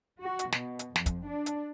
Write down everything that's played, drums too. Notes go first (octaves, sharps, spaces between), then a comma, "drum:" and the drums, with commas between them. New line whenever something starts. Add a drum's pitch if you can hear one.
F#4
drum: hi-hat
B2, drum: snare
drum: hi-hat
F2, drum: snare
drum: kick, hi-hat
D4
drum: hi-hat